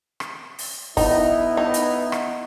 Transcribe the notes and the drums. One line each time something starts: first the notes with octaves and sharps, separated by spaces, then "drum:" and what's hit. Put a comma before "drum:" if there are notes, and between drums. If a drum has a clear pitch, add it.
drum: rim click
drum: open hi-hat
B3 D#4 E4, drum: kick, open hi-hat
D#4
drum: hi-hat
drum: rim click